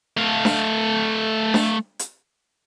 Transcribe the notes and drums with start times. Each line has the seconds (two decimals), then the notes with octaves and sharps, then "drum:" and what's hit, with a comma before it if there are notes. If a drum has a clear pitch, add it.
0.17 A3 F5
0.45 drum: snare D4
1.54 drum: snare D4
1.99 drum: hi-hat